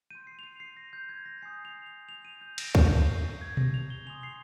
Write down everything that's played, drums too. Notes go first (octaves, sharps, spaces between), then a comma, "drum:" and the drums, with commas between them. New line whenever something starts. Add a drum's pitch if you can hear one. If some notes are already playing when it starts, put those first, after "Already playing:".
C6 G6 D#7
C7
F7
D#7
C7
A#6
G6
G#6
A#6
G#5 D#6 G6 C7
F7
F7
F7
D#7
G6
A#6, drum: cymbal
A#5 C#6 G6 C7, drum: kick C#2
G#6
A#6, drum: tom B2
F7
G7
G#5 C6 D#6 F7
C7